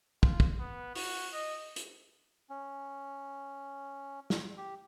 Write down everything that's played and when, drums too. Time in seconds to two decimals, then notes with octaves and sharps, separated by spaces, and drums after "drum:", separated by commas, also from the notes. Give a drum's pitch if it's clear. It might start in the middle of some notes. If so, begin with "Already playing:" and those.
0.23 F4, drum: kick
0.40 drum: kick
0.59 B3
0.95 F#4, drum: open hi-hat
1.33 D#5
1.76 drum: hi-hat
2.50 C#4
4.30 drum: snare
4.57 G4